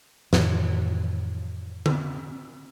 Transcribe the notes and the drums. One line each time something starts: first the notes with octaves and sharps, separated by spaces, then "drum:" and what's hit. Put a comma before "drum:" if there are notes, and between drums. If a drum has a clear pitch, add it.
F2 A2 D#3 E3, drum: snare
drum: tom D3